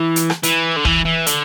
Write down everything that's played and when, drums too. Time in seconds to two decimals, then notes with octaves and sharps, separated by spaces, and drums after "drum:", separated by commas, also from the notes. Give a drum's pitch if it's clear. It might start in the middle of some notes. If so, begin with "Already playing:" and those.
Already playing: E3
0.16 drum: hi-hat
0.30 drum: rim click
0.43 E3, drum: hi-hat
0.76 D3
0.85 E3, drum: kick
1.05 E3
1.26 D3, drum: hi-hat